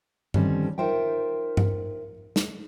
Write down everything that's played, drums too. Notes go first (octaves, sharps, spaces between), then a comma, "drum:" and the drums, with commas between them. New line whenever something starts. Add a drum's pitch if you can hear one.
D3 D#3 F3 G3 C4 C#4, drum: tom G2
D#4 F4 A#4 C5 E5 G5
drum: tom G2
drum: snare